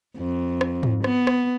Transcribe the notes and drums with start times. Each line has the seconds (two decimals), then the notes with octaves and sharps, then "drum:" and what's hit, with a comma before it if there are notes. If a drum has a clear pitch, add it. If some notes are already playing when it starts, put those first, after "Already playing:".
0.17 F2
0.61 drum: rim click
0.83 drum: tom G#2
1.04 B3, drum: rim click
1.27 drum: rim click